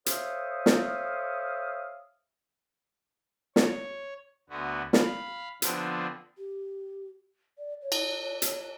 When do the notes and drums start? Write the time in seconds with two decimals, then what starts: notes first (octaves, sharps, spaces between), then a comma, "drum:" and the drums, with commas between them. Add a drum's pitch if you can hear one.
0.06 A4 C5 C#5 E5 F5 D#6, drum: hi-hat
0.66 drum: snare
3.56 C#5, drum: snare
4.49 D2 D3 B3 F#4
4.93 F5 B5, drum: snare
5.62 D3 F3 B3 C4 D4, drum: hi-hat
6.37 G4
7.58 D5
7.82 C#5
7.92 drum: cymbal
8.42 drum: hi-hat